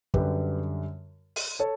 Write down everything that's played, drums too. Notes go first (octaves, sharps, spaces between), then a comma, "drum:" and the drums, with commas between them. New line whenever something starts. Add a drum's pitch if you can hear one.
F#2 D3 G3 G4 B4, drum: kick
drum: open hi-hat
A4 C#5